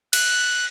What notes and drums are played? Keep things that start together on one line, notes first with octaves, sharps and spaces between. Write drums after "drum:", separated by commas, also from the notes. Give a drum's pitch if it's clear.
F#6, drum: cymbal